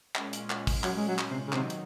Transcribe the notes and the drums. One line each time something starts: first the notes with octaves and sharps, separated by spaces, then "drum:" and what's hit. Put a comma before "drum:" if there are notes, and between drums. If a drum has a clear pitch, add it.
A#2 G#3 C#4, drum: clap
drum: hi-hat
drum: clap
drum: kick, open hi-hat
F#3, drum: clap
G#3
F#3
drum: clap
C3
C#3
C3 D#3 F#3 C4 D#4, drum: clap
drum: hi-hat